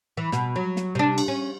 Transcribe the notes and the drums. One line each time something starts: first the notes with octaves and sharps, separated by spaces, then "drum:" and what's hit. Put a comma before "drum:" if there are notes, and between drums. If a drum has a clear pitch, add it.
E3
B2, drum: snare
F#3
drum: snare
C3 D4
drum: cymbal
C#4